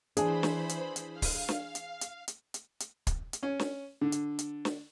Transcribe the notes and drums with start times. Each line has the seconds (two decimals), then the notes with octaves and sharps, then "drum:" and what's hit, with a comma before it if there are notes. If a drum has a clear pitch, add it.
0.17 E3 D4 G#4 C5 B5, drum: hi-hat
0.43 drum: snare
0.69 drum: hi-hat
0.96 drum: hi-hat
1.13 F5
1.22 drum: kick, open hi-hat
1.49 drum: snare
1.75 drum: hi-hat
2.01 drum: hi-hat
2.28 drum: hi-hat
2.54 drum: hi-hat
2.80 drum: hi-hat
3.07 drum: kick, hi-hat
3.33 drum: hi-hat
3.43 C#4
3.59 drum: snare
4.01 D3
4.12 drum: hi-hat
4.39 drum: hi-hat
4.65 drum: snare